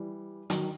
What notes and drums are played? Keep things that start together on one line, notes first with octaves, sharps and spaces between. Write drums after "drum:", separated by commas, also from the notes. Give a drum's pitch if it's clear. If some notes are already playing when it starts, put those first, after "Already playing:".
Already playing: E3 G3
D#3 F#3, drum: hi-hat